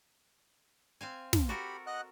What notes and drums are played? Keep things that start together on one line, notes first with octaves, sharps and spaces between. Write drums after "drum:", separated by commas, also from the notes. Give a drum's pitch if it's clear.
C4 F5 G#5
drum: snare
F#4 G4 A4 A#4 B5
D#5 F#5 F#6